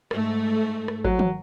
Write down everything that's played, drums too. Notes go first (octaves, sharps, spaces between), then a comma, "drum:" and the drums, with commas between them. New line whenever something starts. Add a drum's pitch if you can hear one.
G#2 A3, drum: rim click
drum: rim click
F#3, drum: kick G#1
drum: tom